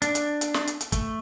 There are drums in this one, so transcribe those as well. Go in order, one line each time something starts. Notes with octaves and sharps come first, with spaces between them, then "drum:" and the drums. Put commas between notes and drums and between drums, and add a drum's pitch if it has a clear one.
D4, drum: hi-hat
drum: hi-hat
drum: hi-hat
drum: snare
drum: hi-hat
drum: hi-hat
A3, drum: kick, hi-hat